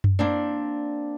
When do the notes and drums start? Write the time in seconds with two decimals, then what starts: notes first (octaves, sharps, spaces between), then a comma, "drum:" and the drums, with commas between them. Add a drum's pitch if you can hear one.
0.04 drum: tom F#2
0.19 A#3 C4 D4